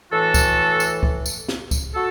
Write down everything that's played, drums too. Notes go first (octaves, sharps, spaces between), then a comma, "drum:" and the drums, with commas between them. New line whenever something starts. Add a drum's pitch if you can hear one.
A2 E3 F#4 A4
drum: kick C#2, tambourine
drum: tambourine
drum: kick C#2
drum: tambourine
drum: snare
drum: kick C#2, tambourine
F#4 A4